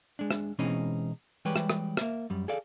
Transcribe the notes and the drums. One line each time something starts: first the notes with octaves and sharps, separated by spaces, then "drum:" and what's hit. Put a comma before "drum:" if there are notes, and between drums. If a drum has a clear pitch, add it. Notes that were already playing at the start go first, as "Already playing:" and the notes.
G#3 D4
drum: rim click
B2 E3 G#3 C4 C#4 D#4
E3 G3 G#3 G4 B4 C#5
drum: rim click
drum: rim click
A#3 E5, drum: rim click
F#2 G3
G#4 A4 D5 F5